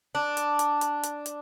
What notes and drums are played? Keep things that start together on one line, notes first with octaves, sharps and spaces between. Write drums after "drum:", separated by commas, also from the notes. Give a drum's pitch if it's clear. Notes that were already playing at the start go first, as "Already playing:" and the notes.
D4
drum: hi-hat
drum: hi-hat
drum: hi-hat
drum: hi-hat
drum: hi-hat